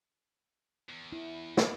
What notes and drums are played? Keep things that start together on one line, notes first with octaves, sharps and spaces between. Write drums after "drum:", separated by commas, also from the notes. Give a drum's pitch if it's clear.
E2
E4
drum: snare